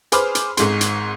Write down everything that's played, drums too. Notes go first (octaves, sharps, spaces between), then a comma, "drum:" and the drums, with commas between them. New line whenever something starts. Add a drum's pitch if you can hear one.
G#4 B4 C5 B5 D6 F6, drum: hi-hat
drum: hi-hat
G#1 G#2 G#3 C6, drum: hi-hat
drum: hi-hat